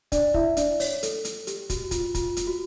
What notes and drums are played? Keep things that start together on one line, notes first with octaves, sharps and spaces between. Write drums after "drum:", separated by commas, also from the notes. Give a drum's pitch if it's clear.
D4 D5, drum: kick, hi-hat
E4 E5, drum: kick
D4 D5, drum: hi-hat
C#5, drum: open hi-hat
A4, drum: hi-hat
drum: hi-hat
G4, drum: hi-hat
F#4, drum: kick, hi-hat
F4, drum: kick, hi-hat
F4, drum: kick, hi-hat
drum: hi-hat
F#4